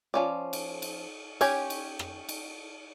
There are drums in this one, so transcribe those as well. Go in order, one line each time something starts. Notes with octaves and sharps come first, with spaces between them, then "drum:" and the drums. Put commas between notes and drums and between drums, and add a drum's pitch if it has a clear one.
F3 C#4 D5
drum: cymbal
drum: cymbal
C#4 G4 C#5 G#5, drum: cymbal
drum: cymbal
drum: rim click
drum: cymbal